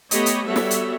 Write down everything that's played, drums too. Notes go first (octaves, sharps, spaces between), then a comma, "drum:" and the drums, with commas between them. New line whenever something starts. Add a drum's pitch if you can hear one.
A3 B3 G4 C#5 D#5 B5, drum: hi-hat
drum: hi-hat
G3 B3 F#4 A4 C#5 E5
drum: snare
drum: hi-hat